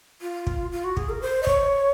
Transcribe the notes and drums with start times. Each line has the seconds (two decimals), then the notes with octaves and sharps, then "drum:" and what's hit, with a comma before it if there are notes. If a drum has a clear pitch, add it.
0.22 F4
0.47 drum: kick
0.72 F4
0.84 F#4
0.97 G#4, drum: kick
1.09 A#4
1.22 C5
1.43 D#5
1.47 C#5, drum: kick